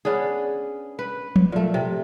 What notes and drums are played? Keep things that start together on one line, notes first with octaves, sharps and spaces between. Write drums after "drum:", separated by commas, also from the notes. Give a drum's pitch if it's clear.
B3 C#4 D4 G#4
B4
drum: tom F3
A#2 A3
C3